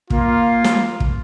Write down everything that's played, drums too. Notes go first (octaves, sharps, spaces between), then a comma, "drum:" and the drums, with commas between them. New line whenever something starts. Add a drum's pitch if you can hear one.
A#3 F4, drum: kick
drum: snare
drum: kick